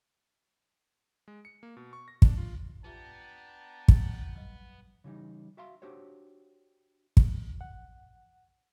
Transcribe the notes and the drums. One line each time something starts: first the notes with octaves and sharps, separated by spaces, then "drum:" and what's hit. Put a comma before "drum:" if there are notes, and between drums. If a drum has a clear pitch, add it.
G#3
C#7
A#3
B2
C#6
A#6
D4, drum: kick
F4
B3 D4 F4 G4 E5 G5 A5 A#5
drum: kick
F#3 G3 D#5
C#3 E3 G3 D#4
F#4 E5 F5 A#5 C6
D4 F#4 G4 C5 C#5
drum: kick
F#5